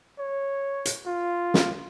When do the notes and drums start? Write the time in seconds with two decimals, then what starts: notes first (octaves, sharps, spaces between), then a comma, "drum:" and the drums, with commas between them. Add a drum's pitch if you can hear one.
0.18 C#5
0.85 drum: hi-hat
1.06 F4
1.54 drum: snare